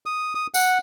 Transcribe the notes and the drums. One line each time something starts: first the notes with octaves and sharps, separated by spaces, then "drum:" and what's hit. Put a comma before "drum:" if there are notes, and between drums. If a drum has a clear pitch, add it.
D#6
D#6
F#5, drum: tambourine